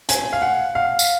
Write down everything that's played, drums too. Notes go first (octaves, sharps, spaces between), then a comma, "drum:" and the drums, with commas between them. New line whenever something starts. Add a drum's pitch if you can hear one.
G#5, drum: hi-hat
F5
F#5
F5
drum: tambourine